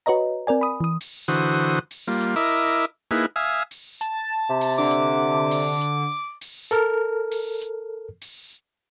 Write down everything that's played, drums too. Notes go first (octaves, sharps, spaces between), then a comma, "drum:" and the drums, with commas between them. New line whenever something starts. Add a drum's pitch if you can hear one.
F#4 B4 C#5 D#5 A#5
C4 A#4 D5 G#5
B5 D#6
E3 D#6
drum: open hi-hat
D3 E3 F#4 C5 D#6, drum: hi-hat
drum: open hi-hat
G3 A#3 F4
drum: hi-hat
E4 A#4 D#5 E5 D6
A#3 D#4 E4 G#4 B4
E5 F5 G#5 D#6
drum: open hi-hat
A5, drum: hi-hat
C3
drum: open hi-hat
D3 D6
drum: hi-hat
drum: open hi-hat
drum: hi-hat
drum: open hi-hat
A4 A#4 F6, drum: hi-hat
drum: open hi-hat
drum: hi-hat
drum: open hi-hat